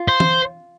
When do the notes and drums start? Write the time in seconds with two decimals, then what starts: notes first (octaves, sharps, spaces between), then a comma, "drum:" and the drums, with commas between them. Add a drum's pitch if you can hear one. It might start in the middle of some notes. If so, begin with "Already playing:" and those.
Already playing: F4
0.08 C5
0.20 drum: tom